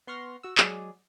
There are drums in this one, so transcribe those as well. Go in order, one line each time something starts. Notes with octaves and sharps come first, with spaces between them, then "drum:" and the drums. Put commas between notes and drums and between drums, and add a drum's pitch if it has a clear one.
B3 C6 C#6 F6 A#6
F#4 E6
F#3 G#3 G#4 D5, drum: clap